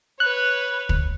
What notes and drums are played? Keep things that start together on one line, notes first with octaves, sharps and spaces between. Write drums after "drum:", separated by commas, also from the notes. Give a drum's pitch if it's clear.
B4 C#5 F#6
drum: kick